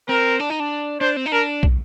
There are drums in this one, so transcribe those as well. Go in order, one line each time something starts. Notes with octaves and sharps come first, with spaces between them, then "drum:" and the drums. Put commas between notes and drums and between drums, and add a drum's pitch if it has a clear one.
C4 A#4
D4
D#4
D4
D4 C5
C4
D#4
D4 A#4
drum: kick